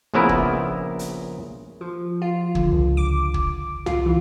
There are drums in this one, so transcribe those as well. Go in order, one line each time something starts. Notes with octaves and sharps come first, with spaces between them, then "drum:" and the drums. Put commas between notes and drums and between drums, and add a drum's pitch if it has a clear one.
A#1 A#2 C#3 B3 E4 A#4
drum: kick
drum: hi-hat
F3
F4
D3, drum: kick
C#2
D6
drum: kick
F4, drum: tom C2
E3